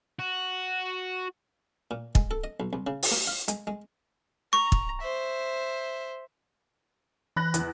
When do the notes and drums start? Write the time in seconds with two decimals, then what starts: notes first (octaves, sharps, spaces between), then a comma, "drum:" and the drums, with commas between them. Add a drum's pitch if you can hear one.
0.19 F#4
1.91 A#2
2.15 G#3, drum: kick
2.31 A4
2.44 D#5
2.60 B1
2.73 C2
2.87 C#3
3.03 drum: open hi-hat
3.12 A#3
3.27 F5
3.48 G#3, drum: hi-hat
3.67 G#3
4.53 A#5 C#6
4.72 drum: kick
5.01 C5 E5
7.36 E3 B5 F#6 A#6
7.54 E2, drum: hi-hat